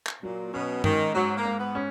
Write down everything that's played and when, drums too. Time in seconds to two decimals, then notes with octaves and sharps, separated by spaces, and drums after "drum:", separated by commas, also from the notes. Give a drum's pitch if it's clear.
0.07 drum: clap
0.23 A#2 F#3
0.54 B2 C#4
0.84 G#2 D#3, drum: tom G2
1.15 G#2 F#3
1.37 A#3
1.45 G#2
1.59 B3
1.75 C#4